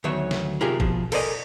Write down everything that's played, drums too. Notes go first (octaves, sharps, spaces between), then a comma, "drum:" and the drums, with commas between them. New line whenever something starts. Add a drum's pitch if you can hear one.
D2 D#3 F#3 B3 C#5 E5
drum: snare
C3 D#4 F4 G4 G#4 A#4
B2 F3, drum: kick
A4 A#4 C5 D5 D#5 G#5, drum: cymbal